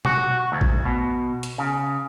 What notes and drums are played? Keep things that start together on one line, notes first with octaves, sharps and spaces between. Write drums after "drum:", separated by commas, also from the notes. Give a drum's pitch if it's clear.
F#4, drum: tom B2
D2
drum: kick A1
B2
drum: hi-hat
C#3